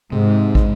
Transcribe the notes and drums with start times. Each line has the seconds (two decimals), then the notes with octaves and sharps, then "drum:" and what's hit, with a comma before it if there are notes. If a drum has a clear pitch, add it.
0.12 G#2 C3
0.55 G#3, drum: kick